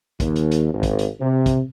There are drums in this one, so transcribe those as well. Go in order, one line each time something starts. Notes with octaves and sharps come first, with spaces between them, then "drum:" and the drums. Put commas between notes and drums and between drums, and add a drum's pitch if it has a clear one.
D#2, drum: kick, hi-hat
drum: hi-hat
drum: hi-hat
G#1
drum: kick, hi-hat
drum: hi-hat
C3
drum: kick, hi-hat